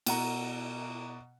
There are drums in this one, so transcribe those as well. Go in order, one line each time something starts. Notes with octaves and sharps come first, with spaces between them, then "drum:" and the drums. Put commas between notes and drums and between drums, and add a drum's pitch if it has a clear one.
B2 F#5 A#5, drum: cymbal